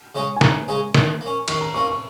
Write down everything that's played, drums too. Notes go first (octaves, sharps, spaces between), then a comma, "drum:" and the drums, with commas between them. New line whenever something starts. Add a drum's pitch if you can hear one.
C#3 G#3 C#4 G#4
G#5
C#2 A#5, drum: snare
C#3 G#3 C#4 G#4
D#3, drum: snare
A#3
C#4
D#3 C#6, drum: cymbal
A#5
A#3 C#4 C#6
C#6